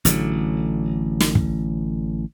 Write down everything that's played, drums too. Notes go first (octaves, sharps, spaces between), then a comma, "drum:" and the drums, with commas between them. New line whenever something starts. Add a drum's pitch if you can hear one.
A1 D3 E3 F#3, drum: hi-hat
drum: snare
drum: kick